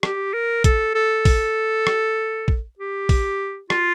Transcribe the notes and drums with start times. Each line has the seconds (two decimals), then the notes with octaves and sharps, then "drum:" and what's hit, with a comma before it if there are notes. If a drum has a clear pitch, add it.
0.03 G4, drum: rim click
0.33 A#4
0.64 A4, drum: kick A#1, hi-hat
0.95 A4
1.25 drum: kick A#1, open hi-hat
1.87 drum: rim click
2.48 drum: kick A#1
2.79 G4
3.09 drum: kick A#1, open hi-hat
3.70 F4, drum: rim click